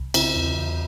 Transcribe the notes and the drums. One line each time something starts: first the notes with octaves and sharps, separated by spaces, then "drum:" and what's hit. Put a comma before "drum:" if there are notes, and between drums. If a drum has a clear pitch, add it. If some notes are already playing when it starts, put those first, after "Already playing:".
Already playing: C2
C#3 C4 E4, drum: cymbal
E2
E2